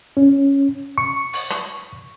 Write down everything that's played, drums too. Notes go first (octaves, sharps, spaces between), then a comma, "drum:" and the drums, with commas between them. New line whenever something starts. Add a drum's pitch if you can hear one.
C#4
C#6
drum: open hi-hat
drum: rim click